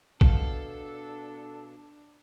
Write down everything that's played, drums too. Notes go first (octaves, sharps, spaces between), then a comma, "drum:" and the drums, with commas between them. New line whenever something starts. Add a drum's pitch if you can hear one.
B2 D4 A4 F5, drum: kick